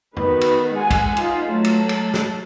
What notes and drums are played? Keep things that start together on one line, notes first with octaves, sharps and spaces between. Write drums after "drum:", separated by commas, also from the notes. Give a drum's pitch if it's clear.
D#3 B3 F#4 B4, drum: tom F2
drum: cymbal
G#3 F#5 G#5
drum: kick, cymbal
D#4 F4, drum: cymbal
F#3 A3 A5
drum: cymbal
drum: cymbal
drum: snare